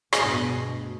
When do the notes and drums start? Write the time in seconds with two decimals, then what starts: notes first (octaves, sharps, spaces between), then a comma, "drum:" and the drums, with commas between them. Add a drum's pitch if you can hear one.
0.13 D2 G2 B2 G#4 D#5, drum: rim click